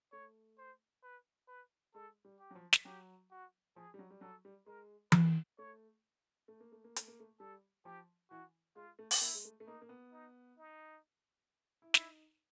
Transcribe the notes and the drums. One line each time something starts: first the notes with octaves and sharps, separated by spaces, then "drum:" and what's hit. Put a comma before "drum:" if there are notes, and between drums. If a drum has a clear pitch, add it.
A3 C#5
C5
B4
B4
G#3 A4
G3
G4
F#3
F3
drum: snare
F#3 G4
F#4
F3 G#4
G3
F#3
G3
F#3 A4
G3
G#3 A#4
B4, drum: tom E3
A3 C#5
A3
A#3
A3
A#3
A3, drum: hi-hat
A#3
A3
G3 A4
F3 G4
E3 F#4
G#3 F4
A3
drum: open hi-hat
A#3 E4
G#3
A3
A3
A#3 D#4
A#3
B3
D#4
D#4
E4
D#4 E4, drum: snare